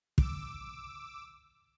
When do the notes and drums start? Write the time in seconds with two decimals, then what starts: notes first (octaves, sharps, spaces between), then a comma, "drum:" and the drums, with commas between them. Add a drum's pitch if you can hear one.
0.18 D6 E6, drum: kick